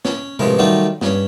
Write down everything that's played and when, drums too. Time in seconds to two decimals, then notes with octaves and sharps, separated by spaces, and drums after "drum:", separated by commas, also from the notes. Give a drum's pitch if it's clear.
0.05 C#4, drum: snare
0.39 A1 E3 F3 G#3 A3 A#4, drum: tom C3
0.59 D#3 F#3 G3 A3 D#4 F4
1.02 G2 C#4, drum: snare